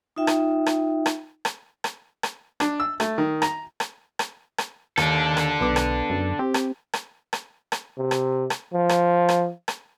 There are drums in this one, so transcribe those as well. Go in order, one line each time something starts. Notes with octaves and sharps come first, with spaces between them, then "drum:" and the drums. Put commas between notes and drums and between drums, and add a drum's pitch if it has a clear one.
D#4 F4 E5 G5
drum: rim click
drum: rim click
drum: rim click
drum: rim click
drum: rim click
drum: rim click
D4, drum: rim click
E6
A3, drum: rim click
D#3
A#5, drum: rim click
drum: rim click
drum: rim click
drum: rim click
D#2 D4 A4, drum: rim click
drum: rim click
B1 B3 D6
drum: rim click
F#2
C4 G4
drum: rim click
drum: rim click
drum: rim click
drum: rim click
C3
drum: rim click
drum: rim click
F3
drum: rim click
drum: rim click
drum: rim click